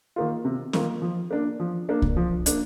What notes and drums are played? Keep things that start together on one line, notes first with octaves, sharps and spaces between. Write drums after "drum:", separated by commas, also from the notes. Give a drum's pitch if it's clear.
D#3 A#3 F4
C3
D#3 A#3 F4, drum: snare
F3
A#3 D4
F3
A#3 D4
drum: kick C2
F3
A#3 D4, drum: hi-hat